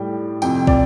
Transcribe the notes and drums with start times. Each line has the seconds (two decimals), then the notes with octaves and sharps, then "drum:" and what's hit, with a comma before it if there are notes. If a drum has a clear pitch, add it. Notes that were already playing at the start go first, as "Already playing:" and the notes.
Already playing: A2 G3 G5
0.42 F2 C3 F3 G5, drum: tambourine
0.67 D5, drum: kick